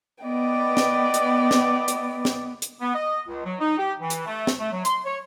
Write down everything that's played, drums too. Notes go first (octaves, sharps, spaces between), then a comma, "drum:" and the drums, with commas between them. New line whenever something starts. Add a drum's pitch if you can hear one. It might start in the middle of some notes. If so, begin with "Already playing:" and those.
B3 D5 D#5 G5
drum: snare
drum: hi-hat
drum: snare
drum: hi-hat
drum: snare
drum: hi-hat
B3
D#5
C#2
F#3
D#4
G4
E3
drum: hi-hat
A3
drum: snare
A3
F#3
C6, drum: hi-hat
C#5